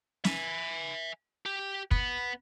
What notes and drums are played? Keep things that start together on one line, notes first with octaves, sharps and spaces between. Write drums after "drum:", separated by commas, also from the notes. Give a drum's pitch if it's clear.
E5 G#5, drum: snare
G4
B3, drum: kick